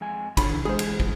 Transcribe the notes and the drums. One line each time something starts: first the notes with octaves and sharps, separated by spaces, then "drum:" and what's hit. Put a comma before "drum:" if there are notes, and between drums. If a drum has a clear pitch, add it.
F2 G#3 G#5
D3 F4 F#4 C#5 B5, drum: kick, cymbal
C#3 E3
D3 E3 G#3 G#4 C5
drum: cymbal
drum: kick